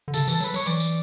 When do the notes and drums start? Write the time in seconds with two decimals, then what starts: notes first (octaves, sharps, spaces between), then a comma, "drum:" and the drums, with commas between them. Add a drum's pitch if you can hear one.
0.08 D3
0.14 C#3 A4, drum: tambourine
0.28 E3 A4, drum: tambourine
0.40 F#3 B4, drum: tambourine
0.54 F#3 C#5, drum: tambourine
0.66 E3 D5, drum: tambourine
0.80 drum: tambourine